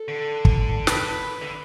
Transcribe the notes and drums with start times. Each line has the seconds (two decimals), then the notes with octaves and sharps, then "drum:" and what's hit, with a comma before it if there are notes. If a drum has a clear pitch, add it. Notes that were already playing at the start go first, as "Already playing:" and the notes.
Already playing: A4
0.08 D3
0.45 drum: kick
0.87 B4, drum: snare
1.42 D3